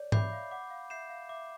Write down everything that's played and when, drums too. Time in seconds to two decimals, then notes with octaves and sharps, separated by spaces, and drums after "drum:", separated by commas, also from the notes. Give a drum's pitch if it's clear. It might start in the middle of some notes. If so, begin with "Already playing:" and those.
Already playing: C#5 D5
0.12 E5 B5 D6 G6 C7, drum: tom G#2
0.33 F5
0.51 F#5 D6
0.70 F5
0.90 E5 G6 C7 E7
1.09 F5
1.29 E5 D6